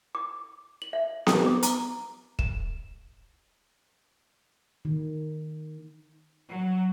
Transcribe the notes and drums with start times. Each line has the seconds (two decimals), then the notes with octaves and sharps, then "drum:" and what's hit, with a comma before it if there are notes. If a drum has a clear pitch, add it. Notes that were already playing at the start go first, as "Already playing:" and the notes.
0.15 D6
0.82 F#7
0.93 E5
1.27 D#6, drum: snare B3
1.46 D6
1.63 A#5, drum: hi-hat
2.39 E7, drum: kick
4.85 D#3
6.49 F#3